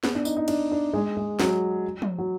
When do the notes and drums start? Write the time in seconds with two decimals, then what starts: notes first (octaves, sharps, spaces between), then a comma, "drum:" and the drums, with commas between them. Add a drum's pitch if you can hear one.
0.04 B3, drum: snare
0.15 D4
0.25 D#4, drum: tambourine
0.37 D#4
0.48 D4, drum: cymbal
0.72 D4
0.93 G#3
1.17 G#3
1.40 F#3, drum: snare
2.02 drum: tom
2.18 F#3